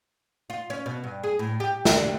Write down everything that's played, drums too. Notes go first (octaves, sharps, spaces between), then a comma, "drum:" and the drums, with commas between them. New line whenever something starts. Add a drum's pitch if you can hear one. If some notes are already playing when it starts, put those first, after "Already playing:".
F4
C#4
B2
G2
G#4
A2
G4
D3, drum: snare